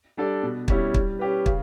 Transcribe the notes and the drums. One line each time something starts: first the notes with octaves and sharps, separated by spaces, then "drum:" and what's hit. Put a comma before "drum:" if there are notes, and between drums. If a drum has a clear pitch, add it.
G3 D4 A4 D5
B2
G3 C#4 E4, drum: kick
G3, drum: kick
C#4 G4 B4
C#3, drum: kick